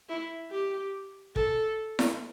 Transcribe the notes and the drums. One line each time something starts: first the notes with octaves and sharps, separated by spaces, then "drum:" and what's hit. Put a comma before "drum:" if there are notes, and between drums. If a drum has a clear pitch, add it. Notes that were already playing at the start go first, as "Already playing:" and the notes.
E4
G4
A4, drum: kick
drum: snare E4